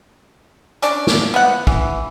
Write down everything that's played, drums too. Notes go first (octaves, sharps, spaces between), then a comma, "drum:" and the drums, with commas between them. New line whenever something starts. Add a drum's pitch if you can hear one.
C#4 D4 D5, drum: hi-hat
drum: snare
B3 F#5
E3, drum: kick